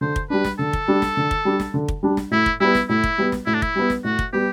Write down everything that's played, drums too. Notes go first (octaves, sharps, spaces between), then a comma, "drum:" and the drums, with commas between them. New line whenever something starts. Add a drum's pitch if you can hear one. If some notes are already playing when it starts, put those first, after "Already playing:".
D3 C5
drum: kick
G3 D4 B4
drum: snare
D3 A4
drum: kick
G3 D4
drum: snare
D3
drum: kick
G3 D4
drum: snare
D3
drum: kick
G3 D4
drum: snare
A2 E4
drum: kick
G3 B3 E4
drum: snare
A2 E4
drum: kick
G3 B3
drum: snare
A2 E4
D4
E4, drum: kick
G3 B3
drum: snare
A2 F#4
drum: kick
G3 B3 G4